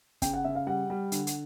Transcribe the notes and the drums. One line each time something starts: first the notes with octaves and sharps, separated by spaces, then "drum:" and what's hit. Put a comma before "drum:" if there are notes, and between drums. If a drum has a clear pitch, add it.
C#3 G5, drum: kick, hi-hat
F#5
C#3 E5
F5
G3 F#5
G3
D3, drum: hi-hat
drum: hi-hat